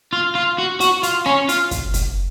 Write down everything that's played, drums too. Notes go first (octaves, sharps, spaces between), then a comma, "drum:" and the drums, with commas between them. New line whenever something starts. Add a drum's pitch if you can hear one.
F4
F4
F#4
F#4, drum: hi-hat
F4, drum: hi-hat
C#4, drum: rim click
F4, drum: hi-hat
drum: kick, hi-hat
drum: kick, hi-hat